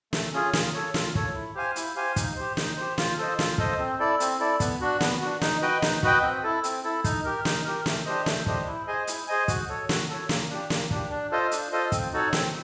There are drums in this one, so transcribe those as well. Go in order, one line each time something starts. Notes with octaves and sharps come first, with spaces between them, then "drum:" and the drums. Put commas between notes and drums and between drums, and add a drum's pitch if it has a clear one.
A3, drum: snare
C#4 F4 G#4
F4, drum: snare
A4 C#5
F4, drum: snare
A4 C#5, drum: kick
E4
G4 C5 F5 G#5
E4, drum: hi-hat
G4 C5 F5 G#5
D#4, drum: kick, hi-hat
G4 C5
D#4, drum: snare
G4 C5
F4, drum: snare
A4 C5 D#5
F4, drum: snare
A4 C5 D#5, drum: kick
C4
E4 A4 D5
C4, drum: hi-hat
E4 A4 D5
B3, drum: kick, hi-hat
D4 F#4
B3, drum: snare
D4 F#4
D#4, drum: snare
F#4 B4 D#5 G5
D#4, drum: snare
F#4 B4 D#5 G5, drum: kick
C4
E4 A4
C4, drum: hi-hat
E4 A4
D#4, drum: kick, hi-hat
G4 A#4
D#4, drum: snare
G4 A#4
A3, drum: snare
D4 G4 C5 D#5
A3, drum: snare
D4 G4 C5 D#5, drum: kick
E4
G#4 C5 D#5 G#5
E4, drum: hi-hat
G#4 C5 D#5 G#5
F#4, drum: kick, hi-hat
A4 C#5
F#4, drum: snare
A4 C#5
A#3, drum: snare
D4 G4
A#3, drum: snare
D4 G4, drum: kick
D4
F4 A4 C5 D#5
D4, drum: hi-hat
F4 A4 C5 D#5
C4, drum: kick, hi-hat
D#4 F#4 A4 C#5
C4, drum: snare